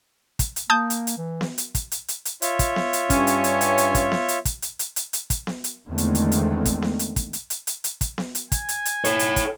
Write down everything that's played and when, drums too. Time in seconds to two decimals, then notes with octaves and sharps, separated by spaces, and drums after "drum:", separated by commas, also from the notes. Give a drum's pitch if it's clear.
0.39 drum: kick, hi-hat
0.56 drum: hi-hat
0.70 A#3 A5 D#6 G6
0.90 drum: hi-hat
1.07 drum: hi-hat
1.17 E3
1.41 drum: snare B3
1.58 drum: hi-hat
1.75 drum: kick, hi-hat
1.92 drum: hi-hat
2.08 drum: hi-hat
2.25 drum: hi-hat
2.42 F4 C#5 E5, drum: hi-hat
2.59 drum: kick, hi-hat
2.76 drum: snare B3
2.93 drum: hi-hat
3.10 G2 C#4, drum: kick, hi-hat
3.27 drum: hi-hat
3.44 drum: hi-hat
3.61 drum: hi-hat
3.78 drum: hi-hat
3.95 drum: kick, hi-hat
4.12 drum: snare B3
4.28 drum: hi-hat
4.45 drum: kick, hi-hat
4.62 drum: hi-hat
4.79 drum: hi-hat
4.96 drum: hi-hat
5.13 drum: hi-hat
5.30 drum: kick, hi-hat
5.47 drum: snare B3
5.64 drum: hi-hat
5.87 E2 D3 D#3 G#3 A3 C4
5.98 drum: hi-hat
6.15 drum: hi-hat
6.32 drum: hi-hat
6.65 drum: kick, hi-hat
6.82 drum: snare B3
6.99 drum: hi-hat
7.16 drum: kick, hi-hat
7.33 drum: hi-hat
7.50 drum: hi-hat
7.67 drum: hi-hat
7.84 drum: hi-hat
8.01 drum: kick, hi-hat
8.18 drum: snare B3
8.35 drum: hi-hat
8.52 G#5, drum: kick, hi-hat
8.69 drum: hi-hat
8.85 drum: hi-hat
9.05 A4 C#5, drum: hi-hat
9.19 drum: hi-hat
9.36 drum: kick, hi-hat